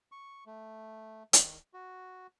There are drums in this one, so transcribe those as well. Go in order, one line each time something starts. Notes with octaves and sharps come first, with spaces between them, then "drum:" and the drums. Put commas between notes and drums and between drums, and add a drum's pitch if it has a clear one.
C#6
A3
D#3, drum: hi-hat
F#4